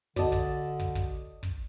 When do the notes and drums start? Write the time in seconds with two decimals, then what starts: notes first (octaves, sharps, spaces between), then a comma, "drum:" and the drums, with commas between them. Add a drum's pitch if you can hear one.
0.16 D3 F#4 D5 D#5 A5, drum: kick
0.32 drum: kick
0.80 drum: kick
0.95 drum: kick
1.43 drum: kick